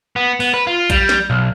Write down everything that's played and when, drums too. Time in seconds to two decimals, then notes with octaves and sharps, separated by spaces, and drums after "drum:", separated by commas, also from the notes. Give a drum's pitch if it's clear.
0.16 B3
0.40 B3, drum: open hi-hat
0.54 B4
0.67 F4
0.90 G3, drum: kick A#1, hi-hat
1.09 drum: snare
1.30 B1